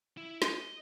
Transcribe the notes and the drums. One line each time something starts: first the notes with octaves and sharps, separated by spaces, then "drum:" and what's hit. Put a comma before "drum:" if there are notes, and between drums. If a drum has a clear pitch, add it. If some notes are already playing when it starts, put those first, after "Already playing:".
E4
D#5, drum: snare